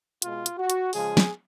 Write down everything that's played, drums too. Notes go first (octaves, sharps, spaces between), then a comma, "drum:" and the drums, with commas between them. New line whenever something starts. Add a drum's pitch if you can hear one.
B2 G#3 F4, drum: hi-hat
drum: hi-hat
F#4
drum: hi-hat
C#3 F3 G#3 G#4, drum: open hi-hat
drum: snare